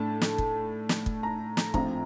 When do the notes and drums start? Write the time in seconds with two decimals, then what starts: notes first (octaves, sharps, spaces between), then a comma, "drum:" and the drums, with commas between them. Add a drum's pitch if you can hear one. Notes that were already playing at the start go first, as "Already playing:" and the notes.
Already playing: A2 A3 D4 A5
0.21 drum: snare
0.38 drum: kick
0.89 drum: snare
1.06 drum: kick
1.23 A#5
1.57 drum: snare
1.74 A#1 A2 F3 C4 A#5, drum: kick